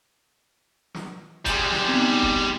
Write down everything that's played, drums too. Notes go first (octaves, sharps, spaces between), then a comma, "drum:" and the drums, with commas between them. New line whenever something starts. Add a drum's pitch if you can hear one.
drum: snare
G3 G#3, drum: kick F#1, hi-hat
drum: snare
B3 C4 D#4
drum: kick F#1